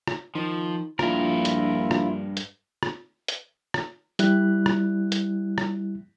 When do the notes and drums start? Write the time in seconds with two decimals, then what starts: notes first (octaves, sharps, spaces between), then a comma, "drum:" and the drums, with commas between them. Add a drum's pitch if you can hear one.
0.07 drum: rim click
0.35 D#3 F3
0.99 A#1 G2 E4 F4 A#4, drum: rim click
1.45 drum: hi-hat
1.91 drum: rim click
2.37 drum: hi-hat
2.83 drum: rim click
3.28 drum: hi-hat
3.74 drum: rim click
4.19 G3 E4 F#6, drum: hi-hat
4.66 drum: rim click
5.12 drum: hi-hat
5.58 drum: rim click